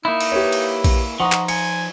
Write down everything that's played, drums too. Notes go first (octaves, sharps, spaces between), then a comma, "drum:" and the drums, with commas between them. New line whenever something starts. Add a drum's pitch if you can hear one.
A#3 D#4 E4
drum: cymbal
G4 B4 C#5
drum: cymbal
drum: kick A#1, cymbal
F3 D#4 D#5 F#5 C#6
drum: clap
G#5 C#7, drum: cymbal